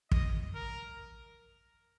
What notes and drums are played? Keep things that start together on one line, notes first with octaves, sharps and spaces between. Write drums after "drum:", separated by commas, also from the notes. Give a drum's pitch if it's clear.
D#5, drum: kick
A#4